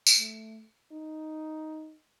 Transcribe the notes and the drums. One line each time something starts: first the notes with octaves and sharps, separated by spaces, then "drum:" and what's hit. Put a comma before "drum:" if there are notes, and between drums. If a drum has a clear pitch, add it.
drum: tambourine
A3
D#4